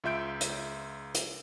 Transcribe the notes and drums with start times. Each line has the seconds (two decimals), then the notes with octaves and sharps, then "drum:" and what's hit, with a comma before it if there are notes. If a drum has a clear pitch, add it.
0.04 C#2 F4 E5 G6 D7
0.41 drum: hi-hat
1.14 drum: hi-hat